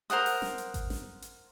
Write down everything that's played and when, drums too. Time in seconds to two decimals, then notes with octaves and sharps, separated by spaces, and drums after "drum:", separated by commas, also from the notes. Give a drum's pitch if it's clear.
0.10 A#4 C5 F#5 D#6, drum: hi-hat
0.26 drum: open hi-hat
0.42 drum: snare
0.58 drum: hi-hat
0.74 drum: kick G#1, hi-hat
0.90 drum: snare
1.22 drum: hi-hat